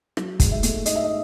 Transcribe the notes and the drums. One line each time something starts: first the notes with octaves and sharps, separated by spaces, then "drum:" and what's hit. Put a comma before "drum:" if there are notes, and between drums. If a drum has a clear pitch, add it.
F#3, drum: rim click
G#2, drum: kick, hi-hat
E5
A3, drum: hi-hat
D#4 D#5, drum: hi-hat
E5
D#5